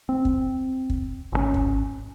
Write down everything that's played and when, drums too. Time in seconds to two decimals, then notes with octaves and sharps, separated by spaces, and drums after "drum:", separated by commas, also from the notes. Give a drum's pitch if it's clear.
0.09 C4
0.25 drum: kick
0.90 drum: kick
1.32 G#1 C3 C#4
1.54 drum: kick